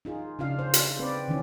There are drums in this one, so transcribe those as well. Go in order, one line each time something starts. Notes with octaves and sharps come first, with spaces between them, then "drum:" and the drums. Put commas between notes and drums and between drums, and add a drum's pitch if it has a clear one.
D#4 F4 G#4
C#3 D4 F4 F5
C5
drum: hi-hat
C4 B4 D5
D#3 E3 C#4